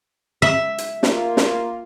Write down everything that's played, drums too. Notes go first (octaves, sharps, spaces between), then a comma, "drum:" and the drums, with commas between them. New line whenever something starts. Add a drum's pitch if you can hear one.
E5
drum: hi-hat
A#3 F4, drum: snare
drum: snare